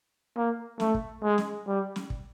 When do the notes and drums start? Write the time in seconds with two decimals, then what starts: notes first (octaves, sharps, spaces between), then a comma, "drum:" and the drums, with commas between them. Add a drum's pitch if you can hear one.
0.37 A#3
0.80 A3, drum: snare
0.94 drum: kick
1.23 G#3
1.38 drum: snare
1.67 G3
1.96 drum: snare
2.10 drum: kick